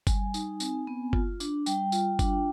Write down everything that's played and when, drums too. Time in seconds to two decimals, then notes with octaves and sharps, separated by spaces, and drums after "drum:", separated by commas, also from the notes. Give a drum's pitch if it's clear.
0.07 G3 G#5, drum: kick G1, tambourine
0.34 D#4, drum: tambourine
0.60 C4, drum: tambourine
0.87 B3
1.13 F4, drum: kick G1
1.40 D4, drum: tambourine
1.66 G3 G5, drum: tambourine
1.92 F4, drum: tambourine
2.19 D4, drum: kick G1, tambourine